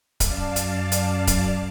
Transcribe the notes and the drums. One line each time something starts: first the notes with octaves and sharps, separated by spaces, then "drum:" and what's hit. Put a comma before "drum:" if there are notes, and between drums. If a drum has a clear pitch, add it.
F#2 D5 F5 A5, drum: kick C#1, hi-hat
drum: hi-hat
drum: hi-hat
drum: kick C#1, hi-hat